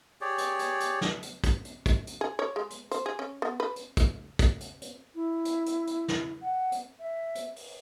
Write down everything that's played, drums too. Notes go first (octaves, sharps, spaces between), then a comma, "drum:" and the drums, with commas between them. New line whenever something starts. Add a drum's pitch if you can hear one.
G4 G#4 C#5 D5
drum: hi-hat
drum: hi-hat
drum: hi-hat
drum: snare
drum: hi-hat
drum: kick, hi-hat
drum: hi-hat
drum: kick, hi-hat
drum: hi-hat
G#4
C#5
G#3
drum: hi-hat
C5, drum: hi-hat
G#4
C#4
B3
B4
drum: hi-hat
drum: kick, hi-hat
drum: kick, hi-hat
drum: hi-hat
drum: hi-hat
E4
drum: hi-hat
drum: hi-hat
drum: hi-hat
drum: snare
F#5
drum: hi-hat
E5
drum: hi-hat
drum: open hi-hat